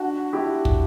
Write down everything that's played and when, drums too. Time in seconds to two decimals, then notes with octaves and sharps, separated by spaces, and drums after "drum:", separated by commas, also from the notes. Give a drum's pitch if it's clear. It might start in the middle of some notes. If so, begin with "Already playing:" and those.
Already playing: D4 F#4
0.33 E4 G4
0.65 drum: kick